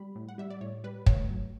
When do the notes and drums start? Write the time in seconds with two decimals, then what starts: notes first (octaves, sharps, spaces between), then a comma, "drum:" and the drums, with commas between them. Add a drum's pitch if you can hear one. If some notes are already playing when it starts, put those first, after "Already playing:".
Already playing: G3 B5
0.15 A2
0.29 F#5
0.38 G3 E5
0.50 D5
0.61 A2 C#5
0.84 G3 B4
1.06 A3 C#5, drum: kick
1.30 F#3